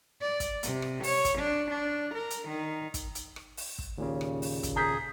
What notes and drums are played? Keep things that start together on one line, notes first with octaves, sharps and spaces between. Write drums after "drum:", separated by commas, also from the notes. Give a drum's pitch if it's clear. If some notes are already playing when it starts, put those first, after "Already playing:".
D5
drum: kick, hi-hat
C3, drum: hi-hat
drum: rim click
C#5, drum: open hi-hat
drum: kick, hi-hat
D4
D4
A#4
drum: hi-hat
D#3
drum: kick, hi-hat
drum: hi-hat
drum: rim click
drum: open hi-hat
drum: kick
D#2 A#2 C#3
drum: rim click
drum: open hi-hat
drum: kick, hi-hat
G#4 A#5 G6 B6